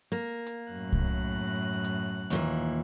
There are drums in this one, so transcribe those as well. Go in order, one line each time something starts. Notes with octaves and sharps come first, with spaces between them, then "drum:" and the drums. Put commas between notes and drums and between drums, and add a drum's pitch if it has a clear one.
A#3
drum: hi-hat
F#2 A2 F#6
drum: kick C2
drum: hi-hat
D#2 A#2 E3, drum: hi-hat